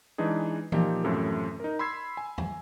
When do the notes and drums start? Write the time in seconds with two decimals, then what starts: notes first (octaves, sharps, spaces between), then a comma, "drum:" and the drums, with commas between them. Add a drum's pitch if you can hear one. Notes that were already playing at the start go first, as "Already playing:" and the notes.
0.18 E3 G#3 D4 D#4 G#4
0.72 A#2 F3 D#4 G4, drum: tom
1.04 F#2 A2 C3 E3 F3 A3
1.60 D#4 A#4
1.79 B5 C6 E6 G#6 C7
2.17 G#5
2.38 drum: tom